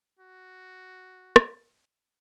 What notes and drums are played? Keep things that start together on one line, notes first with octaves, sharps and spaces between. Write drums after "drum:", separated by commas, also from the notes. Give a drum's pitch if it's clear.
F#4
drum: rim click